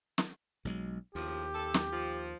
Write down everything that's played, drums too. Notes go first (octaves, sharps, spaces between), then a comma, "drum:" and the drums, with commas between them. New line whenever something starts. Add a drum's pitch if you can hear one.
drum: snare
B1 F#3 G#3
D#2 A2 C#3 F3 G4
F2 A4
drum: snare
F3